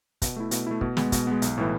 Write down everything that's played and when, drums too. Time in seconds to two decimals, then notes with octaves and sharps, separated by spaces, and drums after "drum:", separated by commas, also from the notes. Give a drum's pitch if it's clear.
0.22 B2, drum: kick, hi-hat
0.36 A3 E4
0.51 B2, drum: hi-hat
0.67 A3 E4
0.81 B2, drum: kick
0.97 G#3 B3, drum: snare
1.12 B2, drum: kick, hi-hat
1.27 G#3 B3
1.42 B1, drum: hi-hat
1.58 A2 E3